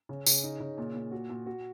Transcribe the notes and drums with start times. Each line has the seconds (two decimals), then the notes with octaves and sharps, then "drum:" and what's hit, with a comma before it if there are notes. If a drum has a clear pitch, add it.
0.09 C#3
0.27 C#3, drum: tambourine
0.43 D#4
0.60 C#3
0.78 A#2
0.95 A#2
1.12 F#4
1.30 A#2
1.46 F#4